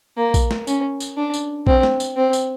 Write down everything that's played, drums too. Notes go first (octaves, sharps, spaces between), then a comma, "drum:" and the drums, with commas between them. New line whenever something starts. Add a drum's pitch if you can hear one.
A#3
drum: kick A#1, tambourine
drum: snare
C#4, drum: tambourine
drum: tambourine
D4
drum: tambourine
C4, drum: kick A#1
drum: snare
drum: tambourine
C4
drum: tambourine